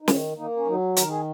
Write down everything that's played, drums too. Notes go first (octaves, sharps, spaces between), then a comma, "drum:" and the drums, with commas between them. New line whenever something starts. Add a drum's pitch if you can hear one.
D#4
D#3 C#4, drum: snare
D#3 A#3 D#4
C#4
D#3 F#3 D#4
D#3 A#4, drum: hi-hat
G#4